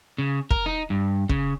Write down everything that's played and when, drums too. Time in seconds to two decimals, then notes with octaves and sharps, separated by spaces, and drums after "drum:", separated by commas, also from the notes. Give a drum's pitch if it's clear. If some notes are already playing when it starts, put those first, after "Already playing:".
0.18 C#3
0.51 A#4, drum: kick
0.66 D#4
0.90 G2
1.29 C#3, drum: kick